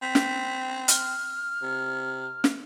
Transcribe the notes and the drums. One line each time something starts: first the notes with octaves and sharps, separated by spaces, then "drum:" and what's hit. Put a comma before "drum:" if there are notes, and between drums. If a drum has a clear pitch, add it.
C4 B6
drum: snare
F6, drum: hi-hat
C3
drum: snare